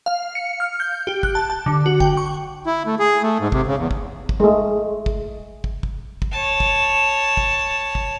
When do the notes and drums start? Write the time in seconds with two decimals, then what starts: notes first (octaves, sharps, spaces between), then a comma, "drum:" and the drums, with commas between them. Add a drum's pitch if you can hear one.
0.06 F5
0.35 C#7
0.60 F6
0.80 G6
1.07 G4
1.23 F#6, drum: kick
1.35 A5
1.50 A5
1.66 D3
1.86 F#4
2.00 G5, drum: kick
2.17 C#6
2.66 E4
2.86 A3
2.99 G#4
3.22 A3
3.40 G#2
3.52 C3, drum: kick
3.67 C#3
3.78 E2
3.91 drum: kick
4.29 drum: kick
4.40 G#3 A3
5.06 drum: kick
5.64 drum: kick
5.83 drum: kick
6.22 drum: kick
6.32 C#5 A5
6.60 drum: kick
7.37 drum: kick
7.95 drum: kick